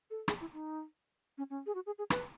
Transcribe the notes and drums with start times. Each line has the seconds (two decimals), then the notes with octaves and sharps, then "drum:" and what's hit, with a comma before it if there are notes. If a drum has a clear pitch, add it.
0.10 A4
0.28 G#4, drum: rim click
0.41 E4
0.53 D#4
1.38 C#4
1.50 C#4
1.66 G#4
1.75 F#4
1.86 G#4
1.98 G#4
2.10 B4, drum: rim click